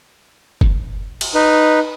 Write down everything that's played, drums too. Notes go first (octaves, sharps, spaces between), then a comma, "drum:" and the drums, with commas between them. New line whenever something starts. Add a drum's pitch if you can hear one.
drum: kick F#1
drum: cymbal
D#4 B4